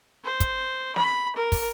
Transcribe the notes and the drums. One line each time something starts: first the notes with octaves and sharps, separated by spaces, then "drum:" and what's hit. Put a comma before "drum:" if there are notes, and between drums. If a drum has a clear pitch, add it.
C5
drum: kick, hi-hat
B5, drum: snare
A#4
drum: kick, open hi-hat